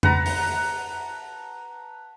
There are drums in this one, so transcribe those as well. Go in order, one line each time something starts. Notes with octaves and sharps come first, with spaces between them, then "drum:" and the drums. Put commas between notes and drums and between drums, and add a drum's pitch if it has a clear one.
B4 F#5 A5 A#5, drum: tom F2
drum: open hi-hat